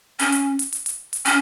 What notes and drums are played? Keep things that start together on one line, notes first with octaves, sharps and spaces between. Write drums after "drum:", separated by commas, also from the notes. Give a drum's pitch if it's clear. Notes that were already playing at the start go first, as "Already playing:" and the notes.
C#4, drum: hi-hat
drum: hi-hat
drum: hi-hat
drum: hi-hat
drum: hi-hat
drum: hi-hat
C#4, drum: hi-hat